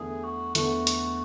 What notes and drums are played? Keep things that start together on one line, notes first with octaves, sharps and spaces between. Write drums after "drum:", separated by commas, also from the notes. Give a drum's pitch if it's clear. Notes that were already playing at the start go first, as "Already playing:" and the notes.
Already playing: E2 D3 A3 E4 G#4
F#4
E2 D3 A3 E4 F#4, drum: hi-hat
drum: hi-hat